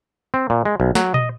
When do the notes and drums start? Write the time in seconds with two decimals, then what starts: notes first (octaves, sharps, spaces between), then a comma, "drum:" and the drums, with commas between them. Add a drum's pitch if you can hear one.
0.34 C4
0.50 A#2
0.65 G#3
0.80 B1
0.95 F#3, drum: snare
1.14 D#5, drum: tom A#2